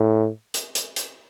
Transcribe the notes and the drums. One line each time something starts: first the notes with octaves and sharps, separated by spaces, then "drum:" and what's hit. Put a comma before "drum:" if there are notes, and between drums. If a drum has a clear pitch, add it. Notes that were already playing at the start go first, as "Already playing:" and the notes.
Already playing: A2
drum: hi-hat
drum: hi-hat
drum: hi-hat